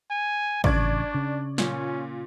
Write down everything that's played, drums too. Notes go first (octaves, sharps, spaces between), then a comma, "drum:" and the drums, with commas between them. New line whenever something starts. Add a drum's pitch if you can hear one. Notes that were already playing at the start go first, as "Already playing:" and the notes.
G#5
A1 C#3 D4 D5 C#6 G#6, drum: kick
C#3
A#2 C#4, drum: snare